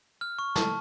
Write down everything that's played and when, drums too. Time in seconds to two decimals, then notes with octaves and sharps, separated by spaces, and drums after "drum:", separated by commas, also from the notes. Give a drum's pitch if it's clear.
0.21 F6
0.39 C#6
0.56 A5, drum: snare